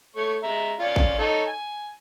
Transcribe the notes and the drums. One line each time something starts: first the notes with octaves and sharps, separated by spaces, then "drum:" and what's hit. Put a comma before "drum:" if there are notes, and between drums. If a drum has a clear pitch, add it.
A3 C#5 C#6
G#3 E5 A#5
C#4 F4 D5
drum: kick A1
D#4 A4 C#5
G#5